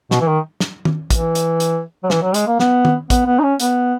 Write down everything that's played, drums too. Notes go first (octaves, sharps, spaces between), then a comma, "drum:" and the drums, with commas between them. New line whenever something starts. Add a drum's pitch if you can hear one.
B2, drum: snare
E3
D#3
drum: snare
drum: tom
E3, drum: kick, hi-hat
drum: hi-hat
drum: hi-hat
F#3
E3, drum: snare
F#3
G#3, drum: hi-hat
A#3
B3, drum: snare
drum: tom
B3, drum: kick, hi-hat
B3
D#4
C#4
B3, drum: hi-hat